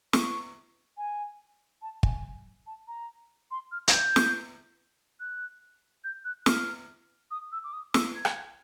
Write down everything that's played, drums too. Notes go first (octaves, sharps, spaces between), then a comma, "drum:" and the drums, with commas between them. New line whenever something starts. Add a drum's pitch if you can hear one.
C#6, drum: snare
G#5
A5
G#5, drum: kick
A5
A#5
C6
F6
G#6, drum: hi-hat
G6
drum: snare
F#6
G6
F#6
F6, drum: snare
D#6
E6
D6
D#6
E6, drum: snare
G#6
drum: rim click